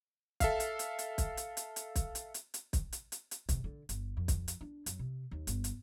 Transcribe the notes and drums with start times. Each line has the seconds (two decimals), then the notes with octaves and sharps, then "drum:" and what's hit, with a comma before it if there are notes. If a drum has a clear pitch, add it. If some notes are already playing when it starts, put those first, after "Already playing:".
0.40 A4 E5 F5, drum: kick, hi-hat
0.60 drum: hi-hat
0.79 drum: hi-hat
0.99 drum: hi-hat
1.18 drum: kick, hi-hat
1.37 drum: hi-hat
1.57 drum: hi-hat
1.76 drum: hi-hat
1.96 drum: kick, hi-hat
2.15 drum: hi-hat
2.34 drum: hi-hat
2.54 drum: hi-hat
2.73 drum: kick, hi-hat
2.92 drum: hi-hat
3.12 drum: hi-hat
3.31 drum: hi-hat
3.49 C3, drum: kick, hi-hat
3.64 D3
3.89 G1, drum: hi-hat
4.17 F2
4.28 drum: kick, hi-hat
4.48 drum: hi-hat
4.61 D4
4.86 F#2, drum: hi-hat
4.99 C3
5.31 D#2
5.47 G1, drum: hi-hat
5.64 drum: hi-hat